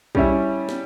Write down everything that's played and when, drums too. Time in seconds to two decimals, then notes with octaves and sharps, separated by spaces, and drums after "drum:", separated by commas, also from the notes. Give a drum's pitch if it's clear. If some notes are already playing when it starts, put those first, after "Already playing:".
0.15 G3 C#4 E4, drum: kick
0.69 drum: snare